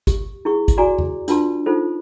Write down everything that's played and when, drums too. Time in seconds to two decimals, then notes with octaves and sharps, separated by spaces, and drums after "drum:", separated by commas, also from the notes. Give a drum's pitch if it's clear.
0.07 G4, drum: kick G#1, hi-hat
0.45 E4 G#4 C#6
0.68 drum: kick G#1, hi-hat
0.78 F#4 D5 G#5 A#5 D6
0.99 drum: tom E2
1.28 D4 F4 B4 A5 C6, drum: hi-hat
1.66 D#4 F4 A4 C5